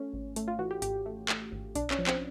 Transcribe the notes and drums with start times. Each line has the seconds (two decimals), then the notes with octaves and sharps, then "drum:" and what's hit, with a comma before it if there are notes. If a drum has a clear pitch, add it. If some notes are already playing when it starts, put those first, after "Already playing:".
Already playing: A3 C#4
0.13 G#1
0.36 A3, drum: hi-hat
0.48 F4
0.59 E3 F#4
0.71 G4
0.82 G#1 G4, drum: hi-hat
1.06 A3
1.29 A3, drum: clap
1.52 G#1
1.75 B1 D4, drum: hi-hat
1.91 C#4, drum: clap
1.99 F3
2.07 C4, drum: clap